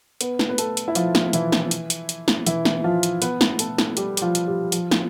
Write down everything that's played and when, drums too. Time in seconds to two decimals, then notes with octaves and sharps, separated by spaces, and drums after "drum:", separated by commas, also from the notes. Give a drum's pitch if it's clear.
0.21 B3 B4, drum: hi-hat
0.39 drum: snare
0.49 B4
0.58 A3 A4, drum: hi-hat
0.77 drum: hi-hat
0.88 E4
0.95 F3 F4, drum: hi-hat
1.15 drum: snare
1.33 E3 E4, drum: hi-hat
1.52 drum: snare
1.71 drum: hi-hat
1.90 drum: hi-hat
2.09 drum: hi-hat
2.28 drum: snare
2.47 E3 E4, drum: hi-hat
2.65 drum: snare
2.84 F3 F4
3.03 drum: hi-hat
3.22 B3 B4, drum: hi-hat
3.41 drum: snare
3.59 A3 A4, drum: hi-hat
3.78 drum: snare
3.97 G3 G4, drum: hi-hat
4.17 G4, drum: hi-hat
4.22 F3 F4
4.35 drum: hi-hat
4.47 G3 G4
4.72 F3 F4, drum: hi-hat
4.91 drum: snare